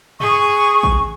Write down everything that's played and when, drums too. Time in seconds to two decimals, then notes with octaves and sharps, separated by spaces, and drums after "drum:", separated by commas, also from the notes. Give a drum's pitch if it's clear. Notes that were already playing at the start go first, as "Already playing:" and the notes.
0.20 G#4 C#6, drum: tom
0.83 drum: kick